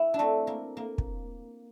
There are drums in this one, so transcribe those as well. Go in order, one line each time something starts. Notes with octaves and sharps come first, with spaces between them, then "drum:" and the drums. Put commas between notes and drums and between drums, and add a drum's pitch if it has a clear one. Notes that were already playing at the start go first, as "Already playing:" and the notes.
Already playing: E4
D4
A3 C4
A#3
A#3
drum: kick